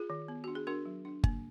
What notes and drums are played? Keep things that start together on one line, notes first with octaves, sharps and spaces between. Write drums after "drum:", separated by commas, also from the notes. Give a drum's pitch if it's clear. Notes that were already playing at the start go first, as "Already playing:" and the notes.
Already playing: F4 G#4
D#3
B3
D4 F#4
G#4
D4 F#4 A#4
F#3
D4
A#3, drum: kick G1